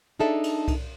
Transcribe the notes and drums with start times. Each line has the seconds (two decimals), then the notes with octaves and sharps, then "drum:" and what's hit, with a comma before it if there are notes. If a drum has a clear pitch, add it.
0.19 D4 D#4 G#4 A4 D5 E5
0.44 drum: cymbal
0.68 drum: kick C2, cymbal